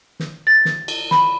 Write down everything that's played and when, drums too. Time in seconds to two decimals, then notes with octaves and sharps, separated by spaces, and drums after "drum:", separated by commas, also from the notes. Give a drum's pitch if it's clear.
0.20 drum: snare
0.47 A6
0.65 drum: snare
0.88 drum: cymbal
1.11 B5, drum: snare